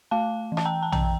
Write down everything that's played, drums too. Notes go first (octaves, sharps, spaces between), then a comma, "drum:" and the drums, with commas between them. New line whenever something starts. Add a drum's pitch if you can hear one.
A3 F5 A5
E3
A5, drum: rim click
G5 A#5
A5
E3 G5 A#5, drum: tom